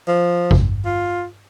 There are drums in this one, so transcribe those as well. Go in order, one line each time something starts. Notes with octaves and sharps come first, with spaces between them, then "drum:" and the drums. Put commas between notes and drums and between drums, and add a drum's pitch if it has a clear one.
F3
drum: kick
F4